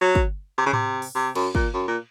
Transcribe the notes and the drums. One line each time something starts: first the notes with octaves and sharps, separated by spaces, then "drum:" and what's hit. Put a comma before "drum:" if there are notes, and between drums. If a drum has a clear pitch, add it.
F#3
drum: kick
C3
C#3
C3, drum: tom G#2
drum: open hi-hat
C3
F#2, drum: cymbal
A#2, drum: kick
F#2
A#2